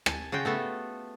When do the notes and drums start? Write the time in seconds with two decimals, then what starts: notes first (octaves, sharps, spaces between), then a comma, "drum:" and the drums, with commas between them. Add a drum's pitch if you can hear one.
0.06 G#5 A5, drum: rim click
0.32 C#3 F4 F#4 G5
0.45 A3 B3 A4